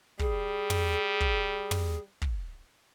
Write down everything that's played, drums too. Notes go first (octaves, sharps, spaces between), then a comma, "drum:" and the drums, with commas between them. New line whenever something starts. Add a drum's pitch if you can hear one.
G3 G#4, drum: kick
drum: tom
drum: kick
drum: tom
drum: kick